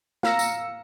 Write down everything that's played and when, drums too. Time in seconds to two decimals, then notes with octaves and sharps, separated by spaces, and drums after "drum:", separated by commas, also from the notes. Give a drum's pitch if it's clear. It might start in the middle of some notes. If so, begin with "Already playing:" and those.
0.23 F5 A#5 E6 A#6 C#7, drum: snare
0.39 drum: tambourine